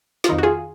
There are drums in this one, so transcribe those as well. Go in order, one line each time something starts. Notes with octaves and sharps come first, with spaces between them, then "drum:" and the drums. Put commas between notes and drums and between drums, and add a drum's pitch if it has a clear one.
F4, drum: snare
F2 D#3 D#4
F#4
F4 G#4